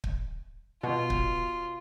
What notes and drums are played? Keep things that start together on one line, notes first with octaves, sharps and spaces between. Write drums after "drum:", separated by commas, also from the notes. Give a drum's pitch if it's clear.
drum: kick
B2 F4
drum: kick